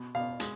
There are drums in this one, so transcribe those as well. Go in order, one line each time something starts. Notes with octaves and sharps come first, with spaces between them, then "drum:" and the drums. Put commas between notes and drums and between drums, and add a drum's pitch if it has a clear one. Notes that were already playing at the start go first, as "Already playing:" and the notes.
Already playing: B2
B2 F5
G#3, drum: hi-hat